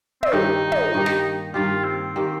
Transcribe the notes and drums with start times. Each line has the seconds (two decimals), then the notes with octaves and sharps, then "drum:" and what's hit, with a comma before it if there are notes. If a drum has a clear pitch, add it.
0.23 C4, drum: tom
0.32 G2 D#3 A#3 D#4 G4
0.72 drum: tom
0.94 G2 D#3 A#3 G4
1.06 drum: snare
1.54 G2 D#3 A#3 F4 G4
1.84 C4
2.16 D#3 A#3 G4